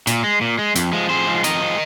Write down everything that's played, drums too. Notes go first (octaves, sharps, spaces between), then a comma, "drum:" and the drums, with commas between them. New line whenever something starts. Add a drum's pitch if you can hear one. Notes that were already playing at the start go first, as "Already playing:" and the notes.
A#2, drum: hi-hat
G#3
A#2
G#3
F2, drum: hi-hat
F3 G#3
F2 G#4 C5
F3 G#3
F2 A#4 D#5, drum: hi-hat
F3 G#3